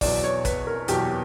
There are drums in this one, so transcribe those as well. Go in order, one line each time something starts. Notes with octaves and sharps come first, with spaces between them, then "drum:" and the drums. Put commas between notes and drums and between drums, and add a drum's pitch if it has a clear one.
E2 B2 F#3 D5, drum: kick, open hi-hat
C#5
B4, drum: kick, hi-hat
A#4
E2 B2 F#3 G4, drum: hi-hat